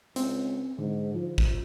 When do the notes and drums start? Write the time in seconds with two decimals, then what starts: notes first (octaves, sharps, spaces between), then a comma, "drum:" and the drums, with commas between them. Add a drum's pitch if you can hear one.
0.16 C#2 C4, drum: hi-hat
0.78 G#2 D3
1.14 F3
1.38 drum: kick